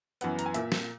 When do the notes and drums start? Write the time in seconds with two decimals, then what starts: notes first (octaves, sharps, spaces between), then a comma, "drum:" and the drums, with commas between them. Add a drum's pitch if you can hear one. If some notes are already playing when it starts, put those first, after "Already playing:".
0.21 F#2 E3 B3 F#5, drum: hi-hat
0.39 A#5, drum: hi-hat
0.46 G#5
0.54 A#2 A#3 E5, drum: hi-hat
0.72 drum: snare